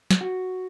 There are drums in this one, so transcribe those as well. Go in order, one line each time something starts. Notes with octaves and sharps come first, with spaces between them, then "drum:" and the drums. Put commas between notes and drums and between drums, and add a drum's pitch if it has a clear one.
drum: snare
F#4